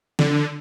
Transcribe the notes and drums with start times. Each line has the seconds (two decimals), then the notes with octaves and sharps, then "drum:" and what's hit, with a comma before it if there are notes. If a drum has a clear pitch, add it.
0.19 D3, drum: snare